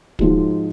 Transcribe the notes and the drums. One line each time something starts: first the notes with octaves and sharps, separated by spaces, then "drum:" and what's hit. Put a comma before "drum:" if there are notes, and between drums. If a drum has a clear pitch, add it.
G#2 F3 G#3 D#4 F#4, drum: kick